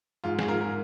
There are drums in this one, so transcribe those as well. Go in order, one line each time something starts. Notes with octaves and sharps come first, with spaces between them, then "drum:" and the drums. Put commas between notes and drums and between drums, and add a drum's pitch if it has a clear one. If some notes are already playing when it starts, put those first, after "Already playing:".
G#2 F4
G#4, drum: snare
G#2 F4 A#4
A#4